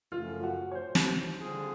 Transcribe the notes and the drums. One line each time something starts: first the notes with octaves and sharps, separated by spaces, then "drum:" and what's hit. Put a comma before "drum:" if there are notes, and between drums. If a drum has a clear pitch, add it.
F#2 C#3 F3 A3 F4
F#4
C#5
C5
drum: snare
D3 G3 C4 F4 G#4